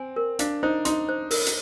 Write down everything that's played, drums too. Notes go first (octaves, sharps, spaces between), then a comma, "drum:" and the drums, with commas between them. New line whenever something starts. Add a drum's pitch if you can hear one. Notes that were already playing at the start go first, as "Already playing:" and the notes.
Already playing: C4 G#5
A#4
D4 F5, drum: hi-hat
D#4 C5
D#4 C6, drum: hi-hat
C5
A#4, drum: open hi-hat
drum: hi-hat